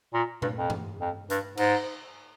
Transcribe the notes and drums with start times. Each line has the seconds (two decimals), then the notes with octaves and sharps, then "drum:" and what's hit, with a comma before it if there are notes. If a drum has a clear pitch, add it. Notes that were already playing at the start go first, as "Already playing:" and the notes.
0.13 A#2
0.42 G2, drum: tom A#2
0.57 F2
0.70 drum: tom G2
1.01 F2
1.30 G2, drum: hi-hat
1.57 G#2, drum: cymbal